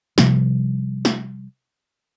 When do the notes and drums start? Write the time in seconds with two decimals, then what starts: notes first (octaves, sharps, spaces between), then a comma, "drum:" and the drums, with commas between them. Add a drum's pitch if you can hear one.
0.18 C3 F3 G3, drum: snare
1.05 drum: snare